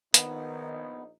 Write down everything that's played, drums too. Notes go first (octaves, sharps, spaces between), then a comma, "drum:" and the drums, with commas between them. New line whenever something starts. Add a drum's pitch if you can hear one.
A#1 D#3 B3 D#4, drum: hi-hat